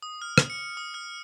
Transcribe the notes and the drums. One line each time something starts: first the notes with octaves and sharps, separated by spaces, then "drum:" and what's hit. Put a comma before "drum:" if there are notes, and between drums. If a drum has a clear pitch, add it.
D#6
F6
drum: rim click
C#7
D#6
F6